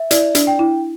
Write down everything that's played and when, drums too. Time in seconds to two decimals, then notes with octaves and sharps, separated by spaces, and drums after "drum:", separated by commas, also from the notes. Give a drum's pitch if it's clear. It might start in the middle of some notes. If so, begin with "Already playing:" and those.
Already playing: E5
0.11 E4 D5, drum: hi-hat
0.35 D4, drum: hi-hat
0.47 G5
0.59 E4